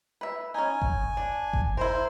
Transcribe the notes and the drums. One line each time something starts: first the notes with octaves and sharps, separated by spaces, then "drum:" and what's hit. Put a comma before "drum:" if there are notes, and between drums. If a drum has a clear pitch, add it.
B4 E5
C#4 D#4 G#5
drum: kick G1
D4
drum: kick G1
E4 A#4 C5